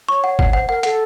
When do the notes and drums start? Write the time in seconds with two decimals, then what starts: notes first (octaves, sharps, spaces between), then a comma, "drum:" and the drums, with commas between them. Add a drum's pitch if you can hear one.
0.09 C#5 C#6
0.24 F#5
0.39 F#5, drum: kick G#1
0.53 C5 F#5
0.68 A#4 F#5
0.83 A4 F#5, drum: hi-hat